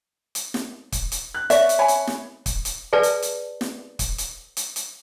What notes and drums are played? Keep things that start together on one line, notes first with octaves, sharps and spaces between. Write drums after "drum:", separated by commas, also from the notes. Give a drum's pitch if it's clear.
drum: hi-hat
drum: snare
drum: kick, hi-hat
drum: hi-hat
F#6
C#5 D5 E5 C#6, drum: hi-hat
drum: hi-hat
C#5 G#5 B5
drum: hi-hat
drum: snare
drum: kick, hi-hat
drum: hi-hat
G#4 B4 D5 A5
drum: hi-hat
drum: hi-hat
drum: snare
drum: kick, hi-hat
drum: hi-hat
drum: hi-hat
drum: hi-hat